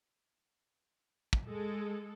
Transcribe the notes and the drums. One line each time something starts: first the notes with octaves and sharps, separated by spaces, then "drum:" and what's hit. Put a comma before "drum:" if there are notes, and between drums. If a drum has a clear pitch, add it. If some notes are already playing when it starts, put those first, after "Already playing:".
drum: kick
G#3 A4